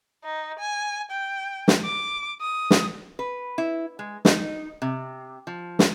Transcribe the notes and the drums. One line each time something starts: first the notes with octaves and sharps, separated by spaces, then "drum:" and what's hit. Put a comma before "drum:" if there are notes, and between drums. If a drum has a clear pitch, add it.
D#4
G#5
G5
drum: snare
D6
D#6
drum: snare
B4
E4
G#3
D#4, drum: snare
C3
F3
drum: snare